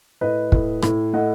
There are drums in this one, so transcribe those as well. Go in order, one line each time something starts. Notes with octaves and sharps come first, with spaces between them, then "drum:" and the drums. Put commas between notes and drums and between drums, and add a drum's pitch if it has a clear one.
A2 B4 D#5
A2, drum: kick
A2, drum: rim click
A3 D#5 F#5